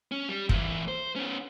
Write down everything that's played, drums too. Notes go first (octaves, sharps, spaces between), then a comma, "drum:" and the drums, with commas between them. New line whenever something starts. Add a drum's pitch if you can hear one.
C#4
G3
A#2 E3, drum: kick
C5
B3 C#4